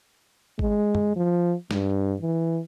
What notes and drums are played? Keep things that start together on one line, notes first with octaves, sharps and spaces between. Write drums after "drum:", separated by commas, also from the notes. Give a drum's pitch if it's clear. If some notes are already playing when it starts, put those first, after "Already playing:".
G#3, drum: kick G#1
drum: tom
F3
G2, drum: snare
E3